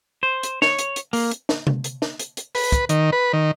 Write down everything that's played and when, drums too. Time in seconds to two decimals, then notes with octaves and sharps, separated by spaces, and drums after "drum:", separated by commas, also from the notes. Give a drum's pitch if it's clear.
0.23 C5
0.43 drum: hi-hat
0.62 C#5, drum: snare
0.79 drum: hi-hat
0.96 drum: hi-hat
1.13 A#3, drum: open hi-hat
1.31 drum: hi-hat
1.49 drum: snare
1.67 drum: tom C3
1.84 drum: hi-hat
2.02 drum: snare
2.20 drum: hi-hat
2.37 drum: hi-hat
2.55 B4, drum: open hi-hat
2.72 drum: kick, hi-hat
2.89 D#3, drum: hi-hat
3.12 B4
3.33 D#3